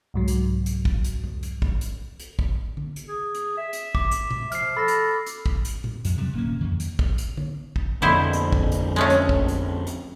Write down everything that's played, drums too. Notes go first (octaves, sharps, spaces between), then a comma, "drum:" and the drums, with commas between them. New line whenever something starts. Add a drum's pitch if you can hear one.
C2 G#2 F#3
drum: hi-hat
drum: hi-hat
drum: kick
drum: hi-hat
drum: tom E2
drum: hi-hat
drum: kick
drum: hi-hat
drum: hi-hat
drum: kick
drum: tom
drum: hi-hat
G#4
drum: hi-hat
E5
drum: hi-hat
D6, drum: kick
drum: hi-hat
drum: tom B2
F3 F6 C7, drum: hi-hat
A4 B5 A#6
drum: hi-hat
drum: hi-hat
drum: kick
drum: hi-hat
drum: tom A#2
F2, drum: hi-hat
C3 F#3 G3
D1 A#3 C#4
F2 D#3
drum: hi-hat
drum: kick
drum: hi-hat
drum: tom
drum: kick
F2 B2 D3 E4 C5
drum: hi-hat
drum: kick
drum: hi-hat
G#3 A3 C#4
drum: hi-hat
drum: kick
drum: hi-hat
drum: hi-hat